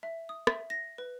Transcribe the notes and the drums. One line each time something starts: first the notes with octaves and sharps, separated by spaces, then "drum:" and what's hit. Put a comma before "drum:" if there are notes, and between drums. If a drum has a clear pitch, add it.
E5
D#6
E5, drum: rim click
A#6
B4